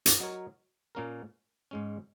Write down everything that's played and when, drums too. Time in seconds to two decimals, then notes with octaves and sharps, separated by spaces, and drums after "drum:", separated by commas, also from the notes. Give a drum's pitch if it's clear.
0.06 drum: hi-hat
0.20 F#3 D#4 A#4 C#5
0.95 A#2 A#3 C#4 A#4
1.71 G#2 G#3 C#4